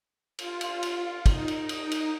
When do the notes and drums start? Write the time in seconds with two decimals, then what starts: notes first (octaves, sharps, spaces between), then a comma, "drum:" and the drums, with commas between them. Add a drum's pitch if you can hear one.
0.39 F4, drum: cymbal
0.61 drum: cymbal
0.83 drum: cymbal
1.26 D#4, drum: kick, cymbal
1.48 drum: cymbal
1.69 D#4, drum: cymbal
1.91 drum: cymbal